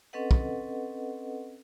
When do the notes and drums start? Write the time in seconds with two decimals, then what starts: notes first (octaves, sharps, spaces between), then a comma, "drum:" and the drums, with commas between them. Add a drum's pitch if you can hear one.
0.13 C4 C#4 A4 B4 D#5 F#5
0.31 drum: kick